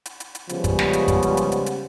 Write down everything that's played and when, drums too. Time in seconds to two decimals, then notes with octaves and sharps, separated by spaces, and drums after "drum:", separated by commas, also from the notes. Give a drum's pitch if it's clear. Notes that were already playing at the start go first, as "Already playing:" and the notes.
0.06 drum: hi-hat
0.20 drum: hi-hat
0.35 drum: hi-hat
0.49 C#3 F3 G3 G#3 B3, drum: hi-hat
0.64 drum: kick, hi-hat
0.79 drum: snare
0.93 drum: hi-hat
1.08 drum: kick, hi-hat
1.22 drum: hi-hat
1.37 drum: hi-hat
1.52 drum: hi-hat
1.66 drum: hi-hat